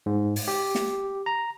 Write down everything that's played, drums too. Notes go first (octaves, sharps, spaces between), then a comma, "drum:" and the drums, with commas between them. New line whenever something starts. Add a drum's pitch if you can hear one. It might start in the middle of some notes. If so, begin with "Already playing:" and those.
G#2
drum: open hi-hat
G4
drum: snare
A#5